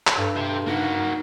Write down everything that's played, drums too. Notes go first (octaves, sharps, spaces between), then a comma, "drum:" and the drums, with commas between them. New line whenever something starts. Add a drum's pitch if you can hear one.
drum: clap
G2 A4
G4 E5
A#3 D#4 F#4